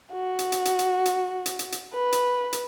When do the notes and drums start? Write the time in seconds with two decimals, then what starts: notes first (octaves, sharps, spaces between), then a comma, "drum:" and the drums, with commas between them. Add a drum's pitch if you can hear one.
0.12 F#4
0.39 drum: hi-hat
0.52 drum: hi-hat
0.65 drum: hi-hat
0.79 drum: hi-hat
1.05 drum: hi-hat
1.46 drum: hi-hat
1.59 drum: hi-hat
1.72 drum: hi-hat
1.93 B4
2.12 drum: hi-hat
2.53 drum: hi-hat